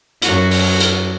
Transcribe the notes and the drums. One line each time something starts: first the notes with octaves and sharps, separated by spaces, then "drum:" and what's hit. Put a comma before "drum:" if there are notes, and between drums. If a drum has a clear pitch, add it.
F#2 F#4, drum: hi-hat
drum: open hi-hat
drum: hi-hat